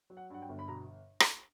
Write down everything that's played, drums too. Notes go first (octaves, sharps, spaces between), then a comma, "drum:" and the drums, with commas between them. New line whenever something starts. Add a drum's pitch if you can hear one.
F#3
F#5
G2 F#5
G5
G1
B5
B2 A#5
drum: rim click